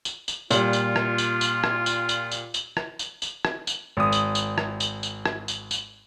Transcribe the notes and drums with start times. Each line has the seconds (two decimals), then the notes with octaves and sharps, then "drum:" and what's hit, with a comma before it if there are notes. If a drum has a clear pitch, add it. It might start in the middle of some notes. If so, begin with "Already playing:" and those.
0.05 drum: tambourine
0.28 drum: tambourine
0.51 A#2 G3 F4, drum: tambourine
0.73 drum: tambourine
0.96 drum: rim click
1.18 drum: tambourine
1.41 drum: tambourine
1.64 drum: rim click
1.86 drum: tambourine
2.09 drum: tambourine
2.31 drum: tambourine
2.54 drum: tambourine
2.77 drum: rim click
2.99 drum: tambourine
3.22 drum: tambourine
3.45 drum: rim click
3.67 drum: tambourine
3.97 G#1 D#6
4.12 drum: tambourine
4.35 drum: tambourine
4.58 drum: rim click
4.80 drum: tambourine
5.03 drum: tambourine
5.26 drum: rim click
5.48 drum: tambourine
5.71 drum: tambourine